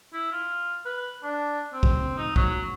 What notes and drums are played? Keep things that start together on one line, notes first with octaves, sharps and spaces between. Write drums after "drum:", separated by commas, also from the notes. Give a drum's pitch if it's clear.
E4
F4
B4
D4
C4
drum: kick
D#4
F#3, drum: kick